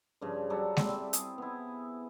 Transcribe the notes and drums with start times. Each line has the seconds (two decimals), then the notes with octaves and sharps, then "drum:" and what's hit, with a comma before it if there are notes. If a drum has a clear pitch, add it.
0.21 G2 C#3 F3
0.50 F#3 G3 F#4 A4
0.77 G3 C4 E4, drum: snare G#3
1.13 G#4, drum: hi-hat
1.38 B3 E4